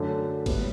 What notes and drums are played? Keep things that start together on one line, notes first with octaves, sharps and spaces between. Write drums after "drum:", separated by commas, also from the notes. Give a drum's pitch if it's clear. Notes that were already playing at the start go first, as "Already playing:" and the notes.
Already playing: F#2 D3 F#3 A3 D4
A2 G3 B3, drum: kick, cymbal